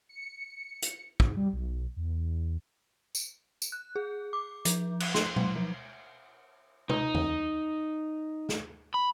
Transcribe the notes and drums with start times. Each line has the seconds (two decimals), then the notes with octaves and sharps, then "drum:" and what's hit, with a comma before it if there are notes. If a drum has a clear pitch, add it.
0.09 C#7
0.82 drum: hi-hat
1.20 G#2, drum: kick
1.36 G3
1.53 B1
1.96 E2
3.15 drum: tambourine
3.62 drum: tambourine
3.72 F#6
3.96 G#4
4.33 D6
4.65 F3, drum: hi-hat
5.00 F#6, drum: cymbal
5.14 C6, drum: snare
5.36 F#3, drum: tom B2
5.56 F3
6.89 D#4, drum: tom C3
7.14 drum: tom E2
8.49 drum: snare
8.94 B5